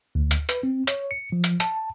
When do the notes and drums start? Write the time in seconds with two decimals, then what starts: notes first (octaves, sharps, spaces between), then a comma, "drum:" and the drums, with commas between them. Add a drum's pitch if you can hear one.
0.15 D2
0.31 drum: hi-hat
0.49 B4, drum: hi-hat
0.63 C4
0.87 C#5, drum: hi-hat
1.11 C#7
1.32 F3
1.44 drum: hi-hat
1.60 A5, drum: hi-hat